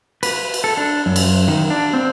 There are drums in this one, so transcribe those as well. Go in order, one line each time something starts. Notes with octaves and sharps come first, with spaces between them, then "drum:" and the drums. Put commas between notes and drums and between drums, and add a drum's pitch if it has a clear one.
B4, drum: cymbal
drum: cymbal
A4
D4
F#2
drum: cymbal
D#3
D4
C4